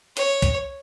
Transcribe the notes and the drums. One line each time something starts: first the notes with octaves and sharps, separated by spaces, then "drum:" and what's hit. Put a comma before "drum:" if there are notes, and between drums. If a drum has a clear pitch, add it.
C#5, drum: hi-hat
drum: kick, hi-hat